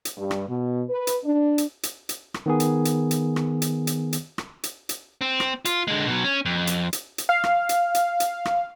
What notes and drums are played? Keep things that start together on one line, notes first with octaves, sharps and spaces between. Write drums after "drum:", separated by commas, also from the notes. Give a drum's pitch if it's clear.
drum: hi-hat
G2
drum: rim click
B2
B4
drum: hi-hat
D4
drum: hi-hat
drum: hi-hat
drum: hi-hat
drum: rim click
D#3 B3 G#4
drum: hi-hat
drum: hi-hat
drum: hi-hat
drum: rim click
drum: hi-hat
drum: hi-hat
drum: hi-hat
drum: rim click
drum: hi-hat
drum: hi-hat
C4
drum: rim click
F4, drum: hi-hat
D3 G#3
B2 F#3
C#4
F2
drum: hi-hat
drum: hi-hat
drum: hi-hat
F5
drum: rim click
drum: hi-hat
drum: hi-hat
drum: hi-hat
drum: rim click